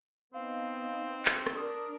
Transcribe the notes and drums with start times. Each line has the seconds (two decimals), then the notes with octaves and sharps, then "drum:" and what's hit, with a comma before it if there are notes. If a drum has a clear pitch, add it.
0.34 B3 C4 D#4 F5
1.26 drum: clap
1.46 drum: rim click
1.56 D4 A#4 D#6